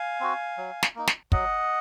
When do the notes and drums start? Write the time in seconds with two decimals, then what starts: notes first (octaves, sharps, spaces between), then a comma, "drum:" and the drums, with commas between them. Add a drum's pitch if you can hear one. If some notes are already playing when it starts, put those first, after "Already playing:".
Already playing: F5 G#5
0.20 C4 F#4
0.58 F#3
0.83 drum: snare
0.96 A#3 D#4
1.07 drum: snare
1.32 F#3 D#5 F#5, drum: kick